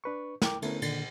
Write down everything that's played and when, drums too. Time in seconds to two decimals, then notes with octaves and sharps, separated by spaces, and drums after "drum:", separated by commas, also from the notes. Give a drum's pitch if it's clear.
0.04 D4 B4 C#6
0.42 A#4 G5 D6, drum: snare
0.62 D3 A3 B3 C#4 E4 A#4, drum: cymbal
0.82 A#2 D3 D#3, drum: cymbal